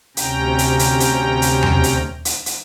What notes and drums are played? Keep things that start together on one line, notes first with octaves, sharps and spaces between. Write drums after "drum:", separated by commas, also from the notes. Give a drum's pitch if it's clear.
D2 C3 C#4 G5 A#5, drum: hi-hat
drum: hi-hat
drum: hi-hat
drum: hi-hat
drum: hi-hat
drum: tom E2
drum: hi-hat
drum: hi-hat
drum: hi-hat